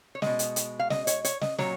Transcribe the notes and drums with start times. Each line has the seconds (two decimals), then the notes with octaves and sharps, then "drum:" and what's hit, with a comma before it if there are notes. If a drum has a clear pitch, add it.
0.15 C#5
0.22 B2 G#3 D#5, drum: snare
0.39 drum: hi-hat
0.56 drum: hi-hat
0.79 F5
0.90 D#5, drum: snare
1.07 C#5, drum: hi-hat
1.25 C#5, drum: hi-hat
1.41 D#5, drum: snare
1.58 A#2 F#3 C#5, drum: snare